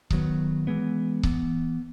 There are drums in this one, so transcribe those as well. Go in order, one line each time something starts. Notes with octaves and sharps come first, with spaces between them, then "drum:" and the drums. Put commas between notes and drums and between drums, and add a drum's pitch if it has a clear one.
D#3 F#3 B3, drum: kick C#1
E3 G#3 B3
E3 B3, drum: kick C#1